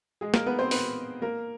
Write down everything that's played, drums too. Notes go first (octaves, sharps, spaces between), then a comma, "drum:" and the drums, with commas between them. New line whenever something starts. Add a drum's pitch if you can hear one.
G#3 G#4
A#3 A#4, drum: snare
B3 B4
C4 C5
B3 B4, drum: open hi-hat
A#3 A#4